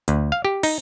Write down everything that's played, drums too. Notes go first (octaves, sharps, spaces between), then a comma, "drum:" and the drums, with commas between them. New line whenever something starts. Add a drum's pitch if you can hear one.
D2, drum: hi-hat
F5
G4
D#4, drum: cymbal